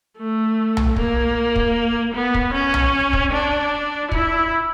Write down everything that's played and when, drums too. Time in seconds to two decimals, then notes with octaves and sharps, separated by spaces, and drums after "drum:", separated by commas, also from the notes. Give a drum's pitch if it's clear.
0.18 A3
0.77 drum: tom B1
0.96 A#3, drum: kick
1.56 drum: kick
2.15 B3
2.34 drum: kick
2.54 C#4
2.74 drum: tom B1
3.13 drum: kick
3.32 D4
4.12 E4, drum: kick